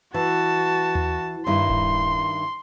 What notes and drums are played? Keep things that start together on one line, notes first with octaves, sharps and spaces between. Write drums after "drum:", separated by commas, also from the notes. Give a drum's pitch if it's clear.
E3 F#4 A5
drum: tom D#2
G2 D#3 E4 C6
drum: kick D1